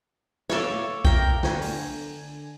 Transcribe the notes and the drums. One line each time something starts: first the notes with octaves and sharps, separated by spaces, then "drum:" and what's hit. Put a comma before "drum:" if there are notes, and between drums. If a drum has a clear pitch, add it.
A4 C#5 E5 F5 D6, drum: snare
A#4 G5, drum: kick
D3 G#5, drum: snare
drum: open hi-hat